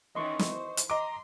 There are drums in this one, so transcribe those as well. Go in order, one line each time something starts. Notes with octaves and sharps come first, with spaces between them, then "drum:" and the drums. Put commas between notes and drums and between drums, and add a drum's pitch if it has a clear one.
D#3 E3 C#4 D#5 C6 C#6
drum: snare
C5
drum: hi-hat
D#5 A#5 C6 D6